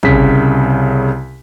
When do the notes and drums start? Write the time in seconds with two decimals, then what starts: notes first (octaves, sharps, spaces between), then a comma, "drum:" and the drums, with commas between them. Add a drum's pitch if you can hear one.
0.03 C2 C#3 B6, drum: kick